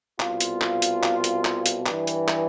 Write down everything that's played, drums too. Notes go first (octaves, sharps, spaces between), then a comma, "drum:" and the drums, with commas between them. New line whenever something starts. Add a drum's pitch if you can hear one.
C2 B2 F4, drum: clap
drum: hi-hat
drum: clap
drum: hi-hat
drum: clap
drum: hi-hat
drum: clap
drum: hi-hat
G2 E3, drum: clap
drum: hi-hat
drum: clap